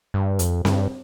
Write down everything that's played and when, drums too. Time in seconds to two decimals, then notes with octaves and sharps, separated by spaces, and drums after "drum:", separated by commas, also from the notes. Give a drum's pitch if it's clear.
0.14 G2
0.39 F2, drum: hi-hat
0.65 G2, drum: snare C4